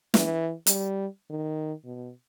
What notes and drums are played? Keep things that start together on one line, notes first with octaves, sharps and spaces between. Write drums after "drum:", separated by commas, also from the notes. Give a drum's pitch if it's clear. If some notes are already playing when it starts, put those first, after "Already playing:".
E3, drum: snare
G3, drum: hi-hat
D#3
B2